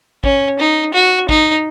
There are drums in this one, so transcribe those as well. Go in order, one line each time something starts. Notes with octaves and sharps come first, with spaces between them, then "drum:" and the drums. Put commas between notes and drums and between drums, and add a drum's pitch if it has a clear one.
C#4, drum: kick
D#4
F#4
D#4, drum: kick